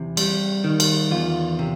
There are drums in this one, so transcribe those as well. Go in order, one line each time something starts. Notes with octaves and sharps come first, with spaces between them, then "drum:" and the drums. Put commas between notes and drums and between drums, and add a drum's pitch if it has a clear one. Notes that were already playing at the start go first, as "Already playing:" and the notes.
Already playing: E2 C3 E4
G3, drum: cymbal
D#3
drum: cymbal
E2 F4
C3